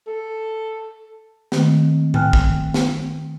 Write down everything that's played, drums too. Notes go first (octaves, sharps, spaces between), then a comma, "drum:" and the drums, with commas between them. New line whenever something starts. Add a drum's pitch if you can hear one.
A4
D#3 A3 A#3 C4, drum: snare
G5 G#5 F6 F#6, drum: tom A2
drum: kick
drum: snare